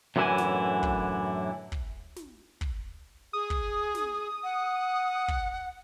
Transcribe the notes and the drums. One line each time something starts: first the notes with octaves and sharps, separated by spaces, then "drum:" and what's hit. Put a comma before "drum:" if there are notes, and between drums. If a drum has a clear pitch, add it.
F#2 A2 D3 E3 E4 G#5
drum: snare
drum: kick
drum: kick
drum: snare
drum: kick
G#4 D#6
drum: kick
drum: snare
F#5
drum: kick